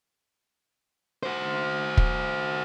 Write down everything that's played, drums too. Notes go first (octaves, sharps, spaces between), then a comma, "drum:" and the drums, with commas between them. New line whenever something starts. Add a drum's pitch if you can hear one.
F#4 C5
drum: kick